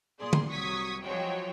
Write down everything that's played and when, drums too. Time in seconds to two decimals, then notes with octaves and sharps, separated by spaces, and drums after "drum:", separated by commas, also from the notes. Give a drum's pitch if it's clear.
0.20 A#2 G#4 D5 C6
0.33 drum: tom
0.49 C2 F#3 C#6 D#6 G#6 B6
1.03 F3 F#3 G#3 F#4 C#5 G5